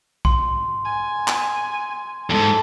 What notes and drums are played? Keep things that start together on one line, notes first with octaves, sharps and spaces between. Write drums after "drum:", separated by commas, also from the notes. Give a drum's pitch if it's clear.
C6, drum: kick
G#5
drum: clap
D#2 G#2 A4